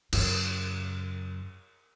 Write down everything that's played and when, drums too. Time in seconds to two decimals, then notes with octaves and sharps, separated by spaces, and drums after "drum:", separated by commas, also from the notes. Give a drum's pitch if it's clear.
0.13 F#2 C#3, drum: cymbal